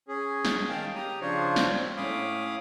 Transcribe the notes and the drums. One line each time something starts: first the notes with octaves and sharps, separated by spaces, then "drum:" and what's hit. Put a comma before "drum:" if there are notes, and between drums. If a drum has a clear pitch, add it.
C#4 G#4
drum: snare
D#3 F5 G5 A5
G4 A#5 D#6
C#3 F3 D4 F4 C5 C#5
drum: snare
C4
A2 C#4 F5 B5 D6 D#6